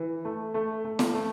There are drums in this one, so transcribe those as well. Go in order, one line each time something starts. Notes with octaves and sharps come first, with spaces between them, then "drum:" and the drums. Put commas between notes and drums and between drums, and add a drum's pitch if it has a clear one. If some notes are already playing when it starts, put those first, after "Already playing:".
Already playing: E3
A3
A3
A3
drum: snare
A3